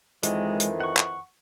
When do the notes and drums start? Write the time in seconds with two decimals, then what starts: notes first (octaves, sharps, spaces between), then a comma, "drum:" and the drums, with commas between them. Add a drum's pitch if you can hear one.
0.23 F2 D#3 E3 G#3, drum: hi-hat
0.60 drum: hi-hat
0.80 F#5 C#6
0.97 drum: clap